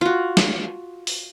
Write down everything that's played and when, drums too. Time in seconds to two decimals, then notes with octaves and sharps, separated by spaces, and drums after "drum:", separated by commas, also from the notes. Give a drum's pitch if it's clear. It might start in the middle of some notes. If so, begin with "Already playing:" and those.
0.01 F4 F#4
0.37 drum: snare
1.07 drum: open hi-hat